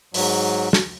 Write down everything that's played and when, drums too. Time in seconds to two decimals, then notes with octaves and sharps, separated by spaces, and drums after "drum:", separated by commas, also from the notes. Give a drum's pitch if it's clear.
0.14 G#2 F#3, drum: open hi-hat
0.73 drum: snare